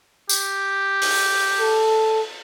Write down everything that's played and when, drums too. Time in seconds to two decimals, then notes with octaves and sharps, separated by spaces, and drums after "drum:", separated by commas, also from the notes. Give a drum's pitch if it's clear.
0.29 G4, drum: tambourine
1.02 drum: open hi-hat
1.60 A4